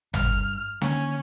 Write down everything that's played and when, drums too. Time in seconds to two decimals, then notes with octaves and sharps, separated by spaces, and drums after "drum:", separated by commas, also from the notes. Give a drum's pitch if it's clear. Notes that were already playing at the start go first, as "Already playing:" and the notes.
0.14 G2 F6, drum: tom G#1
0.82 D3 D#3 A#3 C#4, drum: snare